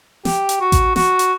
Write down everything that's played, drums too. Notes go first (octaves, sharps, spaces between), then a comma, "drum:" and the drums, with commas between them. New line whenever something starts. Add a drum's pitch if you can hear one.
G4, drum: snare
drum: hi-hat
F#4
drum: kick A1, hi-hat
F#4, drum: snare
drum: hi-hat